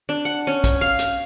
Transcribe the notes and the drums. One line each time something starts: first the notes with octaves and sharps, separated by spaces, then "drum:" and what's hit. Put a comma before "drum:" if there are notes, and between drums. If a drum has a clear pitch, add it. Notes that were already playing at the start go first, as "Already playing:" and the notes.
D4
F#5
C#4
drum: kick, hi-hat
F5
drum: hi-hat